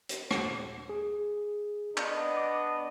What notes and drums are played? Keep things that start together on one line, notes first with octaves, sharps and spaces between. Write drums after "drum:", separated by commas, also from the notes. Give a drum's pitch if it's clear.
drum: hi-hat
drum: rim click
G#4
B3 D4 D#5, drum: clap
D6